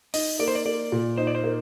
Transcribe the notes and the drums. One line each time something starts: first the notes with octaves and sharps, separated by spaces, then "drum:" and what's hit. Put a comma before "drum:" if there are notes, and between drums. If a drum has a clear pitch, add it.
D#4 D#5, drum: open hi-hat
A#3 D5
C5
D5
A#3 D5
A#2
D#4 C5
D5
C5
A#3